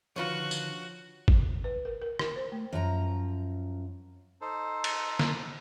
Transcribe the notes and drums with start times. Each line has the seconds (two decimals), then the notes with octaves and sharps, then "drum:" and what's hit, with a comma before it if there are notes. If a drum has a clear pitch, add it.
0.16 D3 D#3 F3 F4 F#4 B4 C#5
0.51 drum: tambourine
1.28 drum: kick G#1
1.64 B4
1.85 A#4
2.02 A#4
2.19 A#4, drum: rim click
2.36 C5
2.52 A3
2.73 F#2 F3 A#5
4.41 D#4 A4 C5
4.84 drum: cymbal
5.19 drum: snare